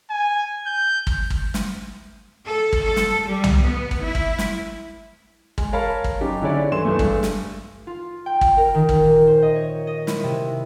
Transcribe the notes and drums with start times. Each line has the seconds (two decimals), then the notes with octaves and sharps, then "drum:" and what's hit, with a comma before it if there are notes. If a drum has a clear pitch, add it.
0.10 G#5
0.66 G6
1.07 drum: kick G#1
1.30 drum: kick G#1
1.54 drum: snare
2.45 A4
2.73 drum: kick G#1
2.83 A4
2.96 drum: snare
3.27 G3
3.44 drum: tom C2
3.61 B3
3.91 drum: kick G#1
4.02 E4
4.15 drum: kick G#1
4.38 drum: snare
5.58 G#3, drum: kick G#1
5.73 A#4 C#5 F5 A5 B5
6.04 drum: kick G#1
6.21 F#2 D#4 G4
6.42 D3 E4 G#4 C#5 D5
6.72 G2 E3 A4 C6 E7
6.85 G2 G#3 A3
6.99 drum: kick G#1
7.23 drum: snare
7.87 F4
8.26 G5
8.41 drum: kick G#1
8.57 A#4
8.74 D#3
8.89 drum: kick G#1
9.04 A#2
9.27 C5
9.42 D#5
9.56 C#5
9.87 D#5
10.07 E4, drum: snare
10.24 C3